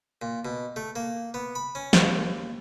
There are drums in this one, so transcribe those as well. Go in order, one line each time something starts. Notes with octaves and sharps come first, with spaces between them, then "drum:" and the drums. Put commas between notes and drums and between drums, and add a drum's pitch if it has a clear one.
A#2
B2
A3
A#3
B3
B5
C#4
D#2, drum: snare